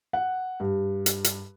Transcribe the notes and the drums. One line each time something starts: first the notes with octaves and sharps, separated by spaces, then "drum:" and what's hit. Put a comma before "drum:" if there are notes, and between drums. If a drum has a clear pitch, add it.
F#5
G2
drum: hi-hat
drum: hi-hat